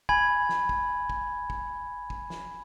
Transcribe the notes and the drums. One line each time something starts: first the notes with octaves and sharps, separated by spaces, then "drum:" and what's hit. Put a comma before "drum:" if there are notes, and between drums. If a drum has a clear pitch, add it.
G#5 B5 G#6, drum: kick
drum: snare
drum: kick
drum: kick
drum: kick
drum: kick
drum: snare